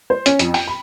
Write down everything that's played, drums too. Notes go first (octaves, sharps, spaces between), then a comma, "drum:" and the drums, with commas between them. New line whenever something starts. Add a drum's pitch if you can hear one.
C5
C#4, drum: hi-hat
F2, drum: hi-hat
G5, drum: open hi-hat
B5